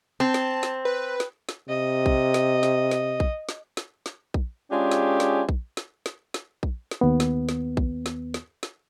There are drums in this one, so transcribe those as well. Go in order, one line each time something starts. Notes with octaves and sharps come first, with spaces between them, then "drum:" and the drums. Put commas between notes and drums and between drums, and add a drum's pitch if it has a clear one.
C4 A5
drum: snare
drum: snare
B4
drum: snare
drum: snare
C3 D#5
drum: kick A#1
drum: snare
drum: snare
drum: snare
drum: kick A#1
drum: snare
drum: snare
drum: snare
drum: kick A#1
G#3 C#4 D4 F4 G4 G#4
drum: snare
drum: snare
drum: kick A#1
drum: snare
drum: snare
drum: snare
drum: kick A#1
drum: snare
D#2 B3
drum: snare
drum: snare
drum: kick A#1
drum: snare
drum: snare
drum: snare